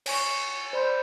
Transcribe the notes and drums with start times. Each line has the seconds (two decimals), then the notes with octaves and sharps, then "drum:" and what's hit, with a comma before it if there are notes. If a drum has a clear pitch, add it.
0.06 C#5 G#5 C#6, drum: cymbal
0.73 C5 D5 B5 C6 G6